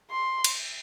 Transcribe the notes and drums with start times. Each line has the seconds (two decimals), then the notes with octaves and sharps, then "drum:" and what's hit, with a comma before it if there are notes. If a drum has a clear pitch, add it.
0.11 C6
0.44 drum: cymbal